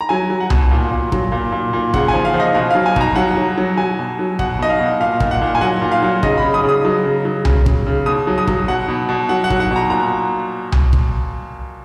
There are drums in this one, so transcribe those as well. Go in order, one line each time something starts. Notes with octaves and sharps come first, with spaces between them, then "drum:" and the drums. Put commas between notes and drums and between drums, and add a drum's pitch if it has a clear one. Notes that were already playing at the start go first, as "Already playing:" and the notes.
A#5
F#3 G#5
F#3
F#5
B2, drum: tom C2
A#2
A#2
F#3, drum: kick
A#2
A#2
A#2
C#3 F#5, drum: kick
G#5
F3
F5
F3
D#5
B2 F5
F#3 F5
G#5
B2 A#5, drum: kick
F#3 F#5
F#3
F#3
F#3 G#5
B2
F#3
B2 F#5, drum: kick
B2 D#5
F5
B2
A#2 F5
A#2, drum: kick
F#5
A#2
G#5
F#3 F#5
A#2
F5
F#3
C#3 D#5, drum: kick
C#3 B5
D#6
C#3
D#6
F#3
C#3
F#3
C#3, drum: tom C2
C#3, drum: kick
C#3
B2 D#6
F#3
D#6
F#3, drum: kick
B2 F#5
B2
B2
F#3 F#5
F#5
F#3, drum: kick
F#5
B2
A#5
A#2 A#5
drum: tom C2
drum: kick